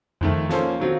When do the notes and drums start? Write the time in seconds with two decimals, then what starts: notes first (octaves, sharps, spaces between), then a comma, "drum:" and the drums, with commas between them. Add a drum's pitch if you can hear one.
0.21 F2 D#3 A3, drum: tom F2
0.49 F3 A#3 C#4 A4 C5, drum: snare
0.80 D#3 F#3 C4 F4